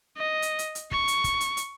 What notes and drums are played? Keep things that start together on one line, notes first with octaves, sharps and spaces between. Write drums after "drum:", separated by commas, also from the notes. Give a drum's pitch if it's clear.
D#5
drum: hi-hat
drum: hi-hat
drum: hi-hat
C#6, drum: kick
drum: hi-hat
drum: kick, hi-hat
drum: hi-hat
drum: hi-hat